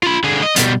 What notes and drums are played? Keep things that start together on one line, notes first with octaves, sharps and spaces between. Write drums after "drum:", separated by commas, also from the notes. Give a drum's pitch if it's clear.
F4 B5
D3 G#4
D#5
B2 G3, drum: hi-hat